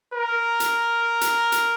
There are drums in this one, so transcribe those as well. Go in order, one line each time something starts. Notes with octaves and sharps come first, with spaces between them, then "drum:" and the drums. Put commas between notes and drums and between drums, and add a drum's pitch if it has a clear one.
A#4
drum: hi-hat
drum: hi-hat
drum: hi-hat